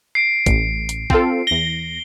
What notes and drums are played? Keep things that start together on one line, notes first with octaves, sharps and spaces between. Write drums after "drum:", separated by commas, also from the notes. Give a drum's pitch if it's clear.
C7 D7
A1, drum: kick, hi-hat
drum: hi-hat
C4 F4 A4, drum: kick
E2 A#6 G7